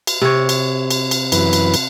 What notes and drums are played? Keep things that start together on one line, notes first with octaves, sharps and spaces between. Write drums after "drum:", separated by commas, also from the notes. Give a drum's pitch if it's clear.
drum: cymbal
C3 C#5
drum: cymbal
drum: cymbal
drum: cymbal
F#2 E3 B4, drum: cymbal
drum: cymbal
drum: cymbal